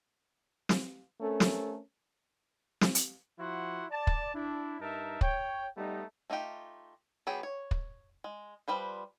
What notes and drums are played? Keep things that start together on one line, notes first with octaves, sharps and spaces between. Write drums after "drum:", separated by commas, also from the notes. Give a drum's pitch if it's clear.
drum: snare
A3 C4 C#4 A4 A#4
drum: snare
drum: snare
drum: hi-hat
F3 E4 F#4 F#5 C6
D5 A5
drum: kick
D4 E4
G2 D#4 A#4 E5 A5
C#5 G5, drum: kick
G3 A3 B3 D#4
A3 D#4 F4 G4
F#3 B3 G4 G#4
C#5
drum: kick
G#3
F3 G3 B4 C5